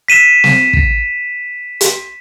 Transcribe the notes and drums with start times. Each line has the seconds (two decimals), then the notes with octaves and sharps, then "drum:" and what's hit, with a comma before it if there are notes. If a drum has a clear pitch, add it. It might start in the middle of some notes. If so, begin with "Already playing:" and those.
0.08 B6 D#7 E7
0.44 drum: snare
0.73 drum: kick
1.81 drum: hi-hat